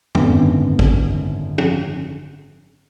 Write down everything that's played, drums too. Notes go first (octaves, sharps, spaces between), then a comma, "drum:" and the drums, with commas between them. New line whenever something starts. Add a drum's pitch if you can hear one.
G#1 F#2 D3 B3 C4, drum: tom E2
drum: kick
drum: tom